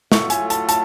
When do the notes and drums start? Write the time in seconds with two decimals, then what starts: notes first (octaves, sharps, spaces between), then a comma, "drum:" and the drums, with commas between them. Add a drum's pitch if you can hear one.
0.12 A2 F#3 A3 F4 C#6, drum: snare
0.30 G#5, drum: hi-hat
0.50 A5, drum: hi-hat
0.69 A5, drum: hi-hat